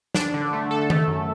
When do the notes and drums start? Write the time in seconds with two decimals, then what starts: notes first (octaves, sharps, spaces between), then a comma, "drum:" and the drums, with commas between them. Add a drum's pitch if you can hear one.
0.14 D4, drum: snare
0.34 D3
0.53 A3
0.71 A4
0.90 A3, drum: tom D#3
1.08 F#2